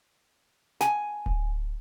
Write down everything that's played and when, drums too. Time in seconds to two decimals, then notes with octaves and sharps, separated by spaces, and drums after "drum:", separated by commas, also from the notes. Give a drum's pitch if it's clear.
0.81 G#5, drum: snare
1.26 drum: kick D1